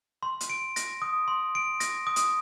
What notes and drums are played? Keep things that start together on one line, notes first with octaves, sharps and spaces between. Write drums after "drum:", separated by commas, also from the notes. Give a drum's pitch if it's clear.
C6
drum: hi-hat
D7
A#6, drum: hi-hat
D#6
C6
D7
A#6, drum: hi-hat
D#6
drum: hi-hat